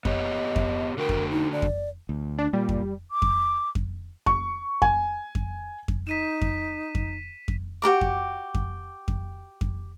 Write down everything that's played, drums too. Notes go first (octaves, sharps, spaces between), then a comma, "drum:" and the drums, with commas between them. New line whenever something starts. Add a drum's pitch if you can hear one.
B3 G4 C#5 D#5, drum: kick F2
drum: kick F2
D3 F#4 A#4 G5
drum: kick F2
D#4
D5
drum: kick F2
D2
D4
A#2 G3
drum: kick F2
D6
drum: kick F2
drum: kick F2
C#6, drum: kick F2
G#5, drum: kick F2
drum: kick F2
drum: kick F2
D#4 B6 D#7 E7
drum: kick F2
drum: kick F2
drum: kick F2
F#4 G4 A#4 D6
drum: kick F2
drum: kick F2
drum: kick F2
drum: kick F2